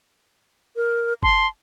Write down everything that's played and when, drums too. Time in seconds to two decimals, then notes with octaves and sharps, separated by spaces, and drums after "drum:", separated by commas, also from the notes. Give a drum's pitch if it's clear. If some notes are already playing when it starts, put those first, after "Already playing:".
0.76 A#4
1.23 A5 C6, drum: kick G1